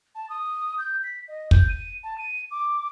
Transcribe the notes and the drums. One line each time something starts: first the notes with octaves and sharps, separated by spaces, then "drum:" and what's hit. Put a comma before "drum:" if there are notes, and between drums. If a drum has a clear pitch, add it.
A5
D#6
G6
B6
D#5
G6, drum: kick
D#7
A5
D#7
D6